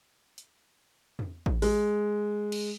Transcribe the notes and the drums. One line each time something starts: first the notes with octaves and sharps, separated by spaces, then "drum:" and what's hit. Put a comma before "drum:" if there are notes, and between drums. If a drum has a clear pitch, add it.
drum: hi-hat
drum: tom
drum: kick A1
G#3, drum: open hi-hat
drum: cymbal